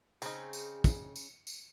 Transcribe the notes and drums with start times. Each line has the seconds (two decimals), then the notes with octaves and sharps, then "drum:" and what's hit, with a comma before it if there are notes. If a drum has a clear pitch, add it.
0.22 C#3 C4 D#4 G#4, drum: tambourine
0.53 drum: tambourine
0.84 drum: kick, tambourine
1.16 drum: tambourine
1.47 drum: tambourine